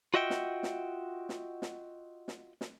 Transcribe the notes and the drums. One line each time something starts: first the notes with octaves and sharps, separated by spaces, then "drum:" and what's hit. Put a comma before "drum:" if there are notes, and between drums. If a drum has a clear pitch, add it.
F4 F#4 D#5 E5 F#5 G5
drum: snare
drum: snare
drum: snare
drum: snare
drum: snare
drum: snare